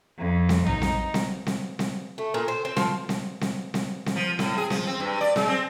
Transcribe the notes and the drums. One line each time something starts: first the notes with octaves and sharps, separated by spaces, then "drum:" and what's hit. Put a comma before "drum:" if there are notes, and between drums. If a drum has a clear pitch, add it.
F2
drum: snare C4
D#4, drum: tom A#1
drum: snare C4
drum: snare C4
drum: snare C4
drum: snare C4
A3
A#2
C5
C4
F3, drum: snare C4
drum: snare C4
drum: snare C4
drum: snare C4
drum: snare C4
F3
A2, drum: snare C4
G#4
F3, drum: snare C4
C4
G2
D5
G#3, drum: snare C4
C4